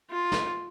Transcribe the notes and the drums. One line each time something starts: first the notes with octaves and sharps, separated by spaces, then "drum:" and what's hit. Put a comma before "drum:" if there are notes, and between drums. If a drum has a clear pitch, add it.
F4
drum: snare